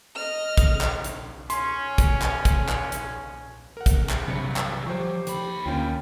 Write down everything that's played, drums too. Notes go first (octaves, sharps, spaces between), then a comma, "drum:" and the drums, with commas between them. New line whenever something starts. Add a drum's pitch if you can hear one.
D#5 F6
drum: kick, hi-hat
drum: clap
drum: hi-hat
C#4 C6, drum: hi-hat
drum: kick, hi-hat
drum: clap
drum: kick, hi-hat
drum: clap
drum: hi-hat
A#4 F#5
drum: kick, hi-hat
drum: clap
G2 C3 F#3 G3 B5 C#7
drum: clap
F3 G4 C5 G5 C#6
D#2 B5, drum: hi-hat
D2 A#3 C#4 F4 G5